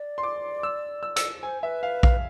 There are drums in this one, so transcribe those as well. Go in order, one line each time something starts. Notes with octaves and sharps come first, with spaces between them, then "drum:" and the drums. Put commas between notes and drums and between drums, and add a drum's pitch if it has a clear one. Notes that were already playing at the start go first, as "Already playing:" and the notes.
Already playing: D5
C6
D6
E6
E6
E6, drum: hi-hat
C5 G#5
B4 E5
F5
F5, drum: kick A#1